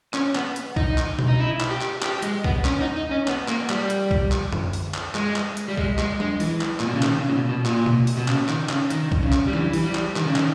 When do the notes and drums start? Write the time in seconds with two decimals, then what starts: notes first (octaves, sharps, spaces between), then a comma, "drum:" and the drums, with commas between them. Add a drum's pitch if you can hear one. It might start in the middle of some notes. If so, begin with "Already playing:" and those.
0.14 C#4, drum: clap
0.35 B3, drum: clap
0.56 drum: hi-hat
0.76 D#4, drum: kick B1
0.98 drum: clap
1.19 drum: tom B2
1.28 D#4
1.40 E4
1.60 drum: clap
1.71 G4
1.81 drum: clap
2.02 G4, drum: clap
2.22 G#3, drum: hi-hat
2.44 B3, drum: kick B1
2.65 C#4, drum: clap
2.81 D#4
2.96 D#4
3.11 C#4
3.28 B3, drum: clap
3.48 A#3, drum: clap
3.70 G3, drum: clap
3.90 drum: hi-hat
4.11 drum: kick B1
4.32 drum: clap
4.53 drum: tom F#2
4.73 drum: open hi-hat
4.94 drum: clap
5.15 G#3, drum: clap
5.36 drum: clap
5.57 drum: hi-hat
5.68 G3
5.78 G#3, drum: kick B1
5.99 G#3, drum: clap
6.20 G#3, drum: tom F#3
6.40 E3, drum: open hi-hat
6.61 drum: clap
6.80 A#2, drum: clap
6.87 B2
6.95 C#3
7.03 D#3, drum: clap
7.18 C#3
7.29 A#2
7.34 B2
7.49 B2
7.65 A#2, drum: clap
7.86 drum: tom B2
8.07 drum: open hi-hat
8.17 B2
8.28 C#3, drum: clap
8.49 D#3, drum: clap
8.69 C#3, drum: clap
8.90 D#3, drum: hi-hat
9.12 drum: kick B1
9.23 C#3
9.32 drum: clap
9.47 G3
9.53 E3, drum: tom F#3
9.73 E3, drum: open hi-hat
9.84 G3
9.95 drum: clap
10.16 D#3, drum: clap
10.26 C#3
10.36 D#3, drum: clap